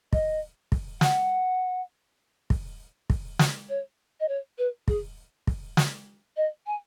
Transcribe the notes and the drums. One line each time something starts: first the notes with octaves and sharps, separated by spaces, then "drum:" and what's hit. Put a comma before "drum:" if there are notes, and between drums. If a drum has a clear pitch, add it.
D#5, drum: kick
drum: kick
F#5, drum: snare
drum: kick
drum: kick
drum: snare
C#5
D#5
C#5
B4
G#4, drum: kick
drum: kick
drum: snare
D#5
G#5